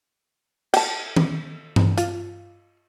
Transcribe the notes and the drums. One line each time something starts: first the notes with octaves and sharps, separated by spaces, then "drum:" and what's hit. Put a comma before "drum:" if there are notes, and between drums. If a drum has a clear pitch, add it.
G5 A5, drum: cymbal
drum: tom
drum: tom G2
F4, drum: hi-hat